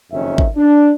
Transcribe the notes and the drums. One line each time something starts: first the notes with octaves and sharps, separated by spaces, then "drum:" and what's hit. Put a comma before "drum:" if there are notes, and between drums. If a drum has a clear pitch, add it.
F#1 F2 D#3 C#4 E5
drum: kick
D4